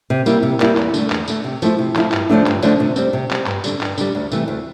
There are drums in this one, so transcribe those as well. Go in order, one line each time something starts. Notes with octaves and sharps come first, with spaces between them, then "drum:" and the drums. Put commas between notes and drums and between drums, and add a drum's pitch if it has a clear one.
C3
G3 A#3 E4, drum: tambourine
C3
G3 A#3 E4, drum: clap
E2, drum: clap
D3 A3, drum: tambourine
E2, drum: clap
D3 A3, drum: tambourine
C3
F3 A3 E4, drum: tambourine
C3
F3 A3 E4, drum: clap
G2, drum: clap
D3 F3 A3 D4
G2, drum: clap
D3 F3 A3 D4, drum: tambourine
C3
G3 C4, drum: tambourine
C3
G3 C4, drum: clap
G2, drum: clap
D3 G3, drum: tambourine
G2, drum: clap
D3 G3, drum: tambourine
D2
C3 E3 A3, drum: tambourine
D2